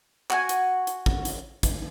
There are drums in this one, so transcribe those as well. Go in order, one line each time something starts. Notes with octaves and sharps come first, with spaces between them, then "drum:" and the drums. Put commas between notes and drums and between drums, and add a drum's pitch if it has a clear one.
F#4 G#5, drum: clap
drum: hi-hat
drum: hi-hat
drum: kick
drum: hi-hat
drum: kick, hi-hat